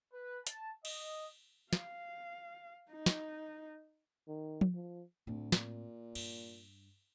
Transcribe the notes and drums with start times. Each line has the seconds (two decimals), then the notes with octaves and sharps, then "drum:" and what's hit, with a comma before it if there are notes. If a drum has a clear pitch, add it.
0.12 B4
0.47 A5, drum: hi-hat
0.85 D#5, drum: cymbal
1.73 F5, drum: snare
2.91 D#4
3.06 drum: snare
4.28 D#3
4.61 drum: tom F3
4.75 F3
5.27 D2 A2 C4
5.52 A#2, drum: snare
6.15 G2, drum: cymbal